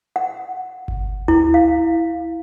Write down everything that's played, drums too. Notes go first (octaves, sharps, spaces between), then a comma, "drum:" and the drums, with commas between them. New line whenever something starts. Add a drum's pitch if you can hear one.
F#5
drum: kick G1
E4, drum: tom D2
F5